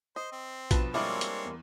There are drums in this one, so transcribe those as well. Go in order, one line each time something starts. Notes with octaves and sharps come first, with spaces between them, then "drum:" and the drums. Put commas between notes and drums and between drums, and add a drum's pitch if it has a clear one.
C5 D#5
C4
G2 B2 F3 B4 A5, drum: kick A#1, hi-hat
G3 G#3 A#3 C4 D4 E4 A4 C#5
drum: hi-hat
E2